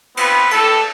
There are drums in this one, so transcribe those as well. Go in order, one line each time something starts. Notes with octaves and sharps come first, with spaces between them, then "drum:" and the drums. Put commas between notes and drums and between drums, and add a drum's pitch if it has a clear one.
B3 C4 F4 B4, drum: cymbal
A3 E4 G4 A4, drum: cymbal